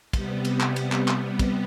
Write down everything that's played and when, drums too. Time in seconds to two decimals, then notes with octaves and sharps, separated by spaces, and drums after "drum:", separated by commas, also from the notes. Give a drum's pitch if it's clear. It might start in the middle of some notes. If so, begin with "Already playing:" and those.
0.13 C3 G3 B3, drum: kick, cymbal
0.45 drum: cymbal
0.60 drum: clap
0.76 drum: cymbal
0.92 drum: clap
1.08 drum: clap
1.39 drum: kick, cymbal